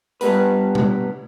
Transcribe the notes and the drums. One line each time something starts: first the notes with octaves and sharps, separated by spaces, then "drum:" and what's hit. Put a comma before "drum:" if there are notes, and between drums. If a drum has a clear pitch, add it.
G2 G3 B3 B4, drum: hi-hat
drum: tom B2